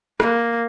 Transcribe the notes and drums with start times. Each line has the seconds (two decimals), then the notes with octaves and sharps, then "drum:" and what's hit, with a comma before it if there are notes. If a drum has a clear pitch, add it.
0.20 A#3, drum: rim click